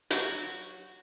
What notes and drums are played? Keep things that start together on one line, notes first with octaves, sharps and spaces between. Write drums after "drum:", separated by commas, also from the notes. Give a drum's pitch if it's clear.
F#3 F#4, drum: hi-hat